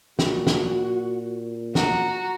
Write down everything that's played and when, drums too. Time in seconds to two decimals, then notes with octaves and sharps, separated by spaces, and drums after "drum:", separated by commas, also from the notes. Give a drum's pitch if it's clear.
0.19 A#2 F#4, drum: snare
0.47 drum: snare
1.75 F#4 A#5, drum: snare